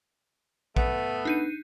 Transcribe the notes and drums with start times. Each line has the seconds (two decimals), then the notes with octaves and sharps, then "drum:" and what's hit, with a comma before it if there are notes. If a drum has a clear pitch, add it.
0.76 A3 B3, drum: kick A#1
1.25 D4 D#4 D#7